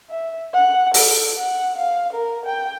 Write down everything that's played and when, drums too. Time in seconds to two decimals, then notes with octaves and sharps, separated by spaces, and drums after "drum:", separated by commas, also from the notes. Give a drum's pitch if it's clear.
0.10 E5
0.54 F#5
0.94 A4, drum: open hi-hat
1.39 F#5
1.78 F5
2.13 A#4
2.45 G5